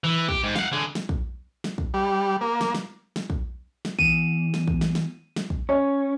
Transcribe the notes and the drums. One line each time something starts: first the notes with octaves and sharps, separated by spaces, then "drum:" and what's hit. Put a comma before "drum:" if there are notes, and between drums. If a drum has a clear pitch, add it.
E3
G4, drum: kick
G#2
F5 F#5, drum: snare
D3 G#4
drum: snare
drum: kick
drum: snare
drum: kick
G3
A#3
drum: snare
drum: snare
drum: snare
drum: kick
drum: snare
E2 D#7 E7, drum: kick
drum: snare
drum: kick
drum: snare
drum: snare
drum: snare
drum: kick
C#4 C#5